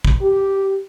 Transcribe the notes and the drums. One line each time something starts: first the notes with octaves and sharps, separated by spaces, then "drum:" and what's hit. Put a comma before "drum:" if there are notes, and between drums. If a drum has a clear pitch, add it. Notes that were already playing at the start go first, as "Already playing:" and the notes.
drum: kick
G4